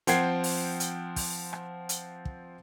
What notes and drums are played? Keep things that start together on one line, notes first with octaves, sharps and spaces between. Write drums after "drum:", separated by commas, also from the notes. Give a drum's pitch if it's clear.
F3 C4 F#5 G5 G#6 C7, drum: hi-hat
drum: open hi-hat
drum: hi-hat
drum: kick, open hi-hat
drum: rim click
drum: hi-hat
drum: kick